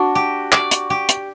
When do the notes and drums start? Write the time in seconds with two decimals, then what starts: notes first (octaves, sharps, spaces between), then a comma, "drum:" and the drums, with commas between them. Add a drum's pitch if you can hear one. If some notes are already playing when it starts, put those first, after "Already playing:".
Already playing: D4 F#4
0.15 G4
0.52 D5, drum: clap
0.71 drum: hi-hat
0.90 G4
1.09 drum: hi-hat